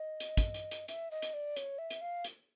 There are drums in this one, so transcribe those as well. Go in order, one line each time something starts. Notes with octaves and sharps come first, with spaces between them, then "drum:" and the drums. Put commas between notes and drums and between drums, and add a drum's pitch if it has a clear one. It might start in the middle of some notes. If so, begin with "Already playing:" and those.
Already playing: D#5
drum: hi-hat
drum: kick, hi-hat
drum: hi-hat
drum: hi-hat
E5, drum: hi-hat
D#5
drum: hi-hat
D5
C#5, drum: hi-hat
E5
drum: hi-hat
F5
drum: hi-hat